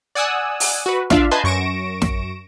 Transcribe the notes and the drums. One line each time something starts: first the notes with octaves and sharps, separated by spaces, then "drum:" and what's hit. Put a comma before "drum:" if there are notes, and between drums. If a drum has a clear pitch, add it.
D5 F#5 G#5 D#6 E6 F#6
drum: open hi-hat
F#4 B4
D4 F4 D5 E5 F5, drum: snare
B4 D#5 G#5 A5 C6 G6
F#2 C#6 A#6 D7 E7
drum: snare